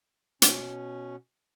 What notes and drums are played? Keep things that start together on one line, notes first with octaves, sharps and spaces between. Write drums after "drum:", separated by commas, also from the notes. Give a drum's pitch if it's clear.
B2 C#4, drum: hi-hat